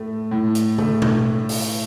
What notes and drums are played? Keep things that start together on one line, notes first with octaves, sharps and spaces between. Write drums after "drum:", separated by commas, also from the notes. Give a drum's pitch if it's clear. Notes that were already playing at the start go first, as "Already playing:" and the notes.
Already playing: A2 A3
A2
drum: hi-hat
A3, drum: tom C#3
drum: tom B2
drum: open hi-hat